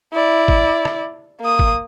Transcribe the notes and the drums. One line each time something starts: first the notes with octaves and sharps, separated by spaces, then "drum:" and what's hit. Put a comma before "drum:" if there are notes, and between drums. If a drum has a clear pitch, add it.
E4 D5
drum: kick
drum: rim click
A#3 D#6
drum: kick